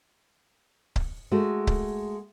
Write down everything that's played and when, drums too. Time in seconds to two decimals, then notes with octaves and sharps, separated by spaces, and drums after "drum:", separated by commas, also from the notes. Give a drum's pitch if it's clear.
0.96 drum: kick C#1
1.31 G#3 A3 F#4
1.67 drum: kick C#1